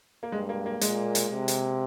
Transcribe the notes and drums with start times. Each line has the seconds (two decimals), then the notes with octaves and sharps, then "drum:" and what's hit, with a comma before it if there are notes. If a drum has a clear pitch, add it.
0.23 A#3
0.32 G2 G#3
0.49 A#3
0.66 A#3
0.81 A#2 G#3, drum: hi-hat
1.15 drum: hi-hat
1.32 C3
1.48 drum: hi-hat